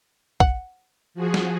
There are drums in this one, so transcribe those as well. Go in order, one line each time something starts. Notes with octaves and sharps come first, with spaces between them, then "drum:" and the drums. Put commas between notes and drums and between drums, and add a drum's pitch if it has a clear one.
F#5, drum: kick
F3 F#4 G#4
drum: snare